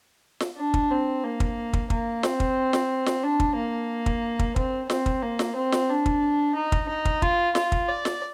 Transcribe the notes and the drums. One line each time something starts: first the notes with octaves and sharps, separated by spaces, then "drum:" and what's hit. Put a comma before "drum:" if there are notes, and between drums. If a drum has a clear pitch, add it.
drum: snare
D4
drum: kick
C4
A#3
drum: kick
drum: kick
A#3, drum: kick
C4, drum: snare
drum: kick
drum: snare
drum: snare
D4
drum: kick
A#3
drum: kick
drum: kick
C4, drum: kick
C4, drum: snare
drum: kick
A#3
drum: snare
C4
drum: snare
D4
drum: kick
D#4
drum: kick
D#4
drum: kick
F4, drum: kick
F4, drum: snare
drum: kick
D5
drum: snare